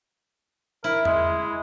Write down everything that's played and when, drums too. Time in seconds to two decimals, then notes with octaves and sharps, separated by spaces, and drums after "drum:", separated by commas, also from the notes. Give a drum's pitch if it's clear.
0.84 E4 A#4
1.05 G#3, drum: tom E2